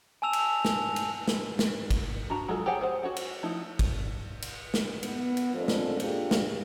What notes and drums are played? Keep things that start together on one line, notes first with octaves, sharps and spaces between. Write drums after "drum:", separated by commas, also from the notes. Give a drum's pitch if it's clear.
G#5 A5 E6 F7
drum: cymbal
drum: snare
drum: cymbal
drum: snare
drum: snare
drum: kick, cymbal
D4 F#4 A#5
F#3 G#3 F4 F#4 A4
G4 G#4 C#5 F#5 G#5
G#4 C5 F#5
F#4 C#5 F#5
drum: cymbal
F3 A3 D#4 E4
drum: kick, cymbal
drum: cymbal
drum: snare
B3, drum: cymbal
drum: cymbal
F2 G#2 F3 A3 D4 A4
drum: snare
A#3 D4 F4 G4 G#4, drum: cymbal
drum: snare